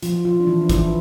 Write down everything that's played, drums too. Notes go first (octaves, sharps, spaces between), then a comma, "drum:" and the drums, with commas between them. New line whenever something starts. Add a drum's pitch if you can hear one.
F3 F4, drum: hi-hat
F3 F4
D4
E3 E4
D4
E3 E4, drum: kick G#1, hi-hat